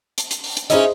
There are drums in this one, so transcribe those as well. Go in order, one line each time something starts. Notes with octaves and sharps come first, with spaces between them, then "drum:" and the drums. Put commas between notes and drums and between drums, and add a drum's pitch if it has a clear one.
drum: hi-hat
drum: hi-hat
drum: open hi-hat
drum: hi-hat
C#4 D#4 E4 G#4 C5 D#5, drum: hi-hat